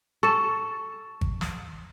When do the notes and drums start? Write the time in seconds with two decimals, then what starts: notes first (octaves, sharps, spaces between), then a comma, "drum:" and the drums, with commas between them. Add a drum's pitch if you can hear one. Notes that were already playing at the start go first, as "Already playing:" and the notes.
0.23 A4 C#6 E7
1.21 drum: kick G#1
1.41 drum: snare